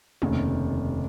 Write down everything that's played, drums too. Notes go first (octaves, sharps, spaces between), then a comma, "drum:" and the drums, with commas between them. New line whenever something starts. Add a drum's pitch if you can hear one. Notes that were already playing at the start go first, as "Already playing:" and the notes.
F1 D#2 C#3, drum: tom